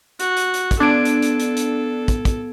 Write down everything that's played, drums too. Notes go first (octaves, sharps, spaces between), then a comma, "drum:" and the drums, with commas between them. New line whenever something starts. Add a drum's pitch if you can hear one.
F#4, drum: hi-hat
drum: hi-hat
drum: hi-hat
drum: kick, hi-hat
B3 D4 A4 G#6 D7
drum: hi-hat
drum: hi-hat
drum: hi-hat
drum: hi-hat
drum: kick, hi-hat
drum: kick, hi-hat